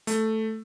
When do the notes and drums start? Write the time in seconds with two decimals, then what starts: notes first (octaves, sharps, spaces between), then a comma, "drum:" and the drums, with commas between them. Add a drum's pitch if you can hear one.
0.07 A3, drum: hi-hat